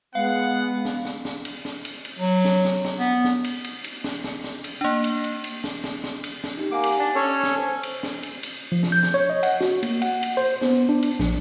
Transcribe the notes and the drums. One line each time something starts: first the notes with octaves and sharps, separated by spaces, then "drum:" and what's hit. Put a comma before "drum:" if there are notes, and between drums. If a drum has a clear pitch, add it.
G#3 B3 F5 F#5
drum: snare
drum: snare
drum: snare
drum: cymbal
drum: snare
drum: cymbal
drum: cymbal
F#3
drum: snare
drum: snare
drum: snare
B3
drum: snare
drum: cymbal
drum: cymbal
drum: cymbal
drum: snare
drum: snare
drum: snare
drum: cymbal
A#3 D4
drum: cymbal
drum: cymbal
drum: cymbal
drum: snare
drum: snare
drum: snare
drum: cymbal
drum: snare
D#4 G4
A#3 F#5 G#5 D6
drum: cymbal
D4 G#5 A6
C#4 A4 C#5
drum: snare
C5 G#5
drum: cymbal
drum: snare
drum: cymbal
drum: cymbal
F3
drum: snare
G6
drum: snare
C#5
D#5
F#5, drum: cymbal
F#4, drum: snare
A#3, drum: cymbal
F#5, drum: cymbal
drum: cymbal
C5
B3, drum: snare
D4
drum: cymbal
A#1, drum: snare